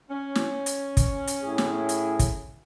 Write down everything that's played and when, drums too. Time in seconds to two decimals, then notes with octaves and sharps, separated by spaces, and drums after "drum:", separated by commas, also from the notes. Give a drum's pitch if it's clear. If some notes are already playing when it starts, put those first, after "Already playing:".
0.10 C#4
0.35 drum: snare
0.66 drum: hi-hat
0.97 drum: kick, hi-hat
1.27 drum: hi-hat
1.43 A2 E4 G#4
1.58 drum: snare
1.89 drum: hi-hat
2.19 drum: kick, hi-hat